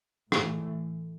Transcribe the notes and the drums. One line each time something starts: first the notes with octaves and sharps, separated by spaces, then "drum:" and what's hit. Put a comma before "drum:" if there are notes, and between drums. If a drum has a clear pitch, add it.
A2 E3 A3, drum: rim click